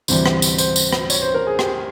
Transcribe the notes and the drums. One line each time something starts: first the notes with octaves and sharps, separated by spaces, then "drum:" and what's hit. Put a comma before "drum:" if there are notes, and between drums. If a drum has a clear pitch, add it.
D2 C3 E3 G3 C5, drum: tambourine
drum: rim click
drum: tambourine
C5, drum: tambourine
drum: tambourine
drum: rim click
C#5, drum: tambourine
C5
A#4
G#4
G4, drum: rim click